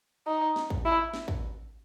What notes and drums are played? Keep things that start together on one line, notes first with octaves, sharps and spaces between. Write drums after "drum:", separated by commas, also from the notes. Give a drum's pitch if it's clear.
D#4
drum: snare
drum: kick
E4
drum: snare
drum: kick